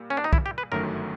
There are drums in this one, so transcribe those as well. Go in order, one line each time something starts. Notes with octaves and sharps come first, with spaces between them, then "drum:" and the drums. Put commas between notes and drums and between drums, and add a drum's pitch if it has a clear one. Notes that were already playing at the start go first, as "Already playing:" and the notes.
Already playing: A#2 G3
C#4
D4
D#4
E4, drum: kick
G4
B4
G1 F#2 D#3 F#3 A3 A#4